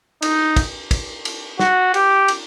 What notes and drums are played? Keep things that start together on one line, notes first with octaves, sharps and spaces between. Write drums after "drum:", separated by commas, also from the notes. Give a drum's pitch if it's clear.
D#4, drum: cymbal
drum: kick, cymbal
drum: kick, cymbal
drum: cymbal
F#4, drum: snare
G4, drum: cymbal
drum: cymbal